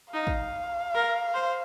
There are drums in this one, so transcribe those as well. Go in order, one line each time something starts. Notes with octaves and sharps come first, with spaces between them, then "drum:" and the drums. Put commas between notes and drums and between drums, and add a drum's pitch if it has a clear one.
D#4 F5
drum: kick
A#4
C5